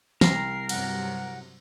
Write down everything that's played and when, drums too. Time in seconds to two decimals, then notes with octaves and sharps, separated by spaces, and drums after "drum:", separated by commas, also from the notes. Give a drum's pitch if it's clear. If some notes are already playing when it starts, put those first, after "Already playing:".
0.21 C2 A#4 C7, drum: snare
0.69 G2 C3 F#3 F#5, drum: cymbal